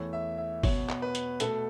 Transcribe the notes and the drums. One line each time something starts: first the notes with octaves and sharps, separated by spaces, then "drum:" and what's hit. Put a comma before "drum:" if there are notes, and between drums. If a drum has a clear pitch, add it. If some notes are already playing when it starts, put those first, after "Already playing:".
Already playing: E2 E3 A3 C#5
E5
E5
B2 B3 C#5, drum: kick G1, open hi-hat
drum: clap
B4
drum: hi-hat
B2 A3 A4, drum: hi-hat